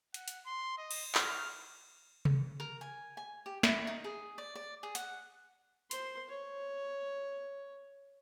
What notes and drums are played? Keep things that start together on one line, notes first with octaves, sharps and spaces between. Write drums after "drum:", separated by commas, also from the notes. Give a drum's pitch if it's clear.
F#5, drum: hi-hat
drum: hi-hat
C6
D#5
drum: cymbal
F6, drum: clap
drum: tom C3
A#4
G#5
G#5
G4
E4, drum: snare
D#4
G#4
D5
D5
G#4
F#5, drum: hi-hat
C5 C6, drum: hi-hat
C#5